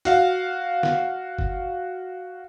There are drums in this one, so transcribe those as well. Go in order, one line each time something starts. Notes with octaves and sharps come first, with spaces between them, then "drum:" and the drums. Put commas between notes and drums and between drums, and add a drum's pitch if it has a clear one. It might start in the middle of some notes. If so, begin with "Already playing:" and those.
F#4 F5, drum: hi-hat
drum: snare
drum: kick G1